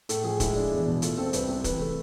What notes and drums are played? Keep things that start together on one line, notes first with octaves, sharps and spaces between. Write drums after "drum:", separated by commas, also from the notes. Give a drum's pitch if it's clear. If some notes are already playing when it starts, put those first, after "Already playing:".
A2 A4, drum: hi-hat
F3 G#4
G#3 E4, drum: kick, hi-hat
D4
E2
B2
A3 F4, drum: hi-hat
C4 A4
C2 B4, drum: hi-hat
C3
E3 B4, drum: kick, hi-hat
A3